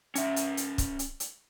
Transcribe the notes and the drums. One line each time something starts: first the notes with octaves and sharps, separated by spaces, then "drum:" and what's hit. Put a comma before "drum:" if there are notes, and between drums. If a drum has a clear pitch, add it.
C#4 E5, drum: hi-hat
drum: hi-hat
drum: hi-hat
drum: kick, hi-hat
drum: hi-hat
drum: hi-hat